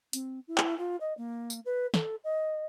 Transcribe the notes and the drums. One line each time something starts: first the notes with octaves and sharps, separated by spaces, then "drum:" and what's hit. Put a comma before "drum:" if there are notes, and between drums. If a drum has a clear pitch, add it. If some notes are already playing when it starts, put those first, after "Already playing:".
C4, drum: hi-hat
E4
drum: clap
F4
D#5
A#3
drum: tambourine
B4
A4, drum: snare
D#5